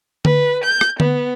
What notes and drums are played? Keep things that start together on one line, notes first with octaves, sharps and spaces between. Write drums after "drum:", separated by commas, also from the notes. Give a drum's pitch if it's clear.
B4, drum: tom D3
G6
drum: rim click
B3, drum: tom D3